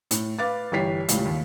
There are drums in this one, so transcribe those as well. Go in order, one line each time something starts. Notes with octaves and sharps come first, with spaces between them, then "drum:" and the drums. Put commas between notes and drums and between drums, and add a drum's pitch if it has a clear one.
A2, drum: hi-hat
B4 F5 D6 A6
G1 E3 G4 C#5 B6 C7
C#2 A2 G3, drum: hi-hat
D#2